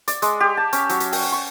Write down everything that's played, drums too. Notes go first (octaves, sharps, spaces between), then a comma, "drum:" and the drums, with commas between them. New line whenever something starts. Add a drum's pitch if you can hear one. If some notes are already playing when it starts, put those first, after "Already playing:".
D5, drum: hi-hat
G#3, drum: hi-hat
G4
A5
C#4, drum: hi-hat
F#3, drum: hi-hat
drum: hi-hat
G5, drum: open hi-hat
C#6